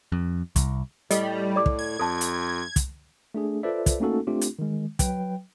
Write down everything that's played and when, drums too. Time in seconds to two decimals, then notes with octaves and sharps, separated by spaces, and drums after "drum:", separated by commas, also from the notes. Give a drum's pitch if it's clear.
0.12 F2
0.56 C2, drum: kick, hi-hat
1.11 A2 G3 A4 D#5, drum: hi-hat
1.56 D5 D6
1.66 drum: kick
1.79 G#6
1.99 F2 A4 A5
2.21 drum: hi-hat
2.76 drum: kick, hi-hat
3.34 A3 D4 G#4
3.63 F4 A4 B4 C5 D5 E5
3.86 drum: kick, hi-hat
4.00 A3 A#3 C#4 D#4 F#4 A4
4.27 A3 C4 D4 F4 G4
4.41 drum: hi-hat
4.59 D#3 G#3
4.99 F#3 B4 G5, drum: kick, hi-hat